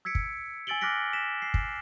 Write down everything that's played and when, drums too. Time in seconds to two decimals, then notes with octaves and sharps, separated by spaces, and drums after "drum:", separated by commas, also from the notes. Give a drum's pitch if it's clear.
0.05 E6 G#6 B6 C#7 D7
0.15 drum: kick
0.67 G#5 E6 A6 D7 F#7 G7
0.81 D6 F6 F#6 A#6 B6 D7
1.13 A#6 B6 E7
1.42 C7
1.54 drum: kick